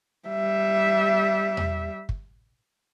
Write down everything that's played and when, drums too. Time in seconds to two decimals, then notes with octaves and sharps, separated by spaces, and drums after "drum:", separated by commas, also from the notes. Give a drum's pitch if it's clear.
0.28 G3 E5
1.57 drum: tom E2
2.09 drum: kick